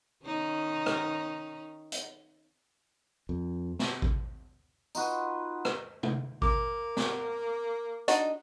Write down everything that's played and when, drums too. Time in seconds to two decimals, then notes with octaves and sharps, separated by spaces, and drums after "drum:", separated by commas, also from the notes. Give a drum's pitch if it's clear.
0.25 D#3 C#4 D#4
0.86 drum: rim click
1.92 drum: hi-hat
3.29 F2
3.79 drum: snare
4.02 drum: kick A1
4.95 D#4 F4 F#4 B4, drum: tambourine
5.65 drum: rim click
6.03 drum: tom C3
6.42 A#3 D6, drum: kick A1
6.97 drum: snare
8.08 D4 D#4 F#4, drum: hi-hat